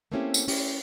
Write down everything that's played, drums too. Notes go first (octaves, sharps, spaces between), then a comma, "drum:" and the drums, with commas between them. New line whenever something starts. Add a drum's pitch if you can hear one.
A3 A#3 C4 C#4 E4 G4
drum: tambourine
C#4 E4 G4, drum: open hi-hat